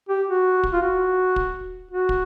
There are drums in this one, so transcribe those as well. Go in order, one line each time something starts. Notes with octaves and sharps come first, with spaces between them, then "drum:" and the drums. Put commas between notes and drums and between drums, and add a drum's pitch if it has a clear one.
G4
F#4
drum: kick
F4
F#4
drum: kick
F#4
drum: kick